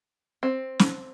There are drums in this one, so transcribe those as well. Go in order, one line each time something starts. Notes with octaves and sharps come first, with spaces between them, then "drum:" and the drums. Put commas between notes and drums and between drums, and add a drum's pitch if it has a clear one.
C4
drum: snare